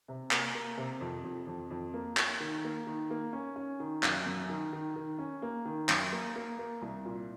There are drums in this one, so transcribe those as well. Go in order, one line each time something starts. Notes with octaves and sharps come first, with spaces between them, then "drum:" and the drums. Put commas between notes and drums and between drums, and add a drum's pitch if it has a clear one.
C3
A#3, drum: clap
A#3
C3
F2
F2
F2
F2
A#3
A#3, drum: clap
D#3
A#3
D#3
A#3
C#4
C#4
D#3
F#2, drum: clap
F#2
D#3
D#3
D#3
C#4
A#3
D#3
F#2, drum: clap
A#3
A#3
A#3
C2
A#2